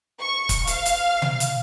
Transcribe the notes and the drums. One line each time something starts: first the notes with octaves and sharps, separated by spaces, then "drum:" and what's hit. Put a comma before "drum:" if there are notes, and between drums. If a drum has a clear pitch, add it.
C#6
drum: kick C#1, hi-hat
F5, drum: hi-hat
drum: hi-hat
drum: tom B2
drum: hi-hat